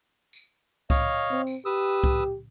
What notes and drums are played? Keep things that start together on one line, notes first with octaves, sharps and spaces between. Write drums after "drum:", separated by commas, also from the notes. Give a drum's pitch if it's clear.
drum: tambourine
C#5 D#5 F5, drum: kick C2, tambourine
C4
drum: tambourine
G4 B4 D#6 E6
drum: kick C2